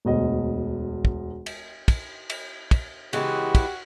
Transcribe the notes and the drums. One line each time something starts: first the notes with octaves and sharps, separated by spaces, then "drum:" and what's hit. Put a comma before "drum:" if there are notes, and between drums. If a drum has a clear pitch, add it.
E1 D2 D#5
drum: kick
drum: cymbal
drum: kick, cymbal
drum: cymbal
drum: kick, cymbal
C#3 E3 G#3 B3 D#4 F#4 G4, drum: cymbal
drum: kick, cymbal